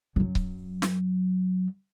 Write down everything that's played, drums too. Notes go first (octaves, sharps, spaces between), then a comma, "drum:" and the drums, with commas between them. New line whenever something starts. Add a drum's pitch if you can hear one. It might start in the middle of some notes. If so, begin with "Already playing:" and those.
F#2 F#3
drum: kick C#1
drum: snare